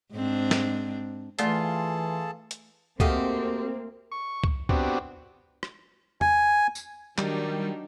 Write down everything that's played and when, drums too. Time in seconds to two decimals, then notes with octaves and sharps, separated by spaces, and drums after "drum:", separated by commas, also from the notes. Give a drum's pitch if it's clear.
0.13 G#2 C4 D4
0.51 drum: snare
1.39 E3 A3 F4 G#4 A4 D5 A5, drum: hi-hat
2.51 drum: hi-hat
3.00 A3 A#3 C4 F#4 G4 D#5 F5, drum: kick C2
4.12 C#6
4.44 drum: kick C2
4.69 B3 C4 D4 F#4 G4, drum: kick C2
5.63 drum: rim click
6.21 G#5, drum: tom E2
6.75 drum: tambourine
7.18 D#3 F#3 G3 D4 D#4, drum: clap